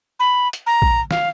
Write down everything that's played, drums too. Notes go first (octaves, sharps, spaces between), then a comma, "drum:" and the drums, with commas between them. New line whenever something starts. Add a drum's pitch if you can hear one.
B5
drum: hi-hat
A#5
drum: kick A#1
F5, drum: snare